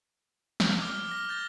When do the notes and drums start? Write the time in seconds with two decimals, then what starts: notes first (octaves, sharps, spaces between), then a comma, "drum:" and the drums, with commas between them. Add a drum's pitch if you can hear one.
0.60 F7, drum: snare
0.81 D6 F6 G7
1.09 F6 A#6
1.29 G6 A6